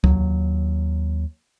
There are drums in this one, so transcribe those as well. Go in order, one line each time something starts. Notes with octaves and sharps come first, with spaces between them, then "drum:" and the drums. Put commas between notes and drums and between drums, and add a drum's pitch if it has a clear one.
D#2 F#3, drum: kick C#2